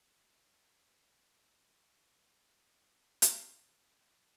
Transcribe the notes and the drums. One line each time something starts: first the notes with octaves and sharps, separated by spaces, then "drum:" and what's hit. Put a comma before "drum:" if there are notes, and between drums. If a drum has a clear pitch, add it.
G2 C#4 D4
B2
A#1 G#3
drum: hi-hat